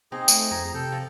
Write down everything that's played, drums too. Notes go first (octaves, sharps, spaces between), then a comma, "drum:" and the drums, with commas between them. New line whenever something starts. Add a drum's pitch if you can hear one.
C4 D#4 G#4
A3, drum: tambourine
F2 A#5
C3 A4 G5
F3